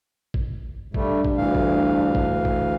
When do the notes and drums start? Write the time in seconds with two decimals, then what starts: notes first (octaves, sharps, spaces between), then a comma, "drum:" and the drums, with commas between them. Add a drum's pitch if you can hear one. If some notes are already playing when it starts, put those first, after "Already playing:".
0.34 drum: kick G#1
0.94 G2 G3 A3 D4, drum: kick G#1
1.25 drum: kick G#1
1.37 D2 E3 F5
1.55 drum: kick G#1
2.15 drum: kick G#1
2.45 drum: kick G#1